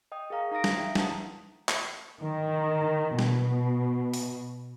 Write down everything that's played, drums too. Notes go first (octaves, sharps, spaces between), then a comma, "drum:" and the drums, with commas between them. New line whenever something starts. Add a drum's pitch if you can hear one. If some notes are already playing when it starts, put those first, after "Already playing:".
D#5 G5 D#6
G#4 A#4 F5 A#5 D#6
D#4 A#5 D#6 A#6 D7
drum: snare
E5 F5 G5
D#4 B4 F#5 A5 A#5 D#6, drum: snare
drum: clap
D#3
B2, drum: snare
drum: open hi-hat